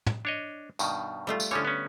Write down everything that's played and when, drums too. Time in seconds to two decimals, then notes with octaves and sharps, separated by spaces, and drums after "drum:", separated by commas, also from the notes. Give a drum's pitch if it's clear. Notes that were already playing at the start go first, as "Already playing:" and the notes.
0.06 drum: tom
0.25 D4 C#5 D#5
0.79 G2 B2 D#3, drum: tambourine
1.27 G3 A3 F4
1.40 drum: tambourine
1.51 D3 E3 F3 C#4 C#5
1.65 B3 C#4